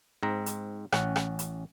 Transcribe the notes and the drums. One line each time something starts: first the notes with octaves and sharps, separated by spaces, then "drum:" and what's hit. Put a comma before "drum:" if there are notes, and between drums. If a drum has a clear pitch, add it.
G#2 C4 A#5
drum: hi-hat
A1 C#4 F#5, drum: rim click
drum: rim click
drum: hi-hat